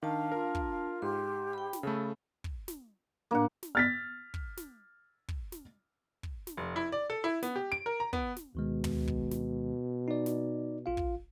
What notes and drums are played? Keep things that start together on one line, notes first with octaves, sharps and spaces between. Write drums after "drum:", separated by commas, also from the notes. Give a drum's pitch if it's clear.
D#3 D4 F5 A5
F4 A#4
drum: kick
F5
G#2 G4 C6
G5 B5
drum: snare
C#3 A3 A4 B5
drum: kick
drum: snare
A2 A#3 D4 F#5 D6
drum: snare
F6 A6 B6
drum: kick
drum: snare
drum: kick
drum: snare
drum: kick
drum: snare
F1
E4
D5
A4
E4
B3, drum: snare
G4
D7
A#4
A#5
B3, drum: kick
drum: snare
D2 B2 D#3 G#3
drum: tom
drum: kick
drum: snare
D#4 D5
drum: snare
A#1 F4 F5
drum: kick